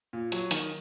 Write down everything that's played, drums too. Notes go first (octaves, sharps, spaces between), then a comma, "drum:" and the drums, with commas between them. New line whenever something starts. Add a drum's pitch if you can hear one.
A#2
F#3, drum: hi-hat
D#3, drum: hi-hat